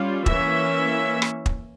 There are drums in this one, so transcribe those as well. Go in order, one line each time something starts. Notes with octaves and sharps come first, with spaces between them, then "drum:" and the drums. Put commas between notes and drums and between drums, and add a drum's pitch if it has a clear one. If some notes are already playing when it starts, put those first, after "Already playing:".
Already playing: G3 C#4 F4
E3 A#3 C#4 E5, drum: kick
drum: rim click
drum: kick